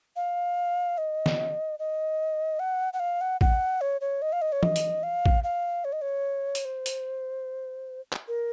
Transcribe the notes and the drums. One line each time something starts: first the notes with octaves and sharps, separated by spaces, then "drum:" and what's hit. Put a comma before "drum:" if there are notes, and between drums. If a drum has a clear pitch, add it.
F5
D#5
drum: snare
D#5
F#5
F#5
F5
F#5
F#5, drum: kick A1
C#5
C#5
D#5
F5
D#5
C#5
D#5, drum: tom
drum: hi-hat
F5
drum: kick A1
F5
C#5
D#5
C#5
drum: hi-hat
C5
drum: hi-hat
drum: clap
A#4